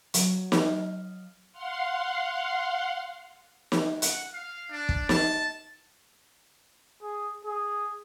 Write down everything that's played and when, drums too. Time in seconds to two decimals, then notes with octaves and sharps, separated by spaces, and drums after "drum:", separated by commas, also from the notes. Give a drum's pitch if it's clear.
0.14 F#3, drum: hi-hat
0.52 D#5 F5, drum: snare
1.52 F5 F#5 C6
3.72 drum: snare
4.02 F#5, drum: hi-hat
4.33 F5
4.71 D4
4.89 drum: kick
5.09 A5, drum: snare
7.02 G#4
7.45 G#4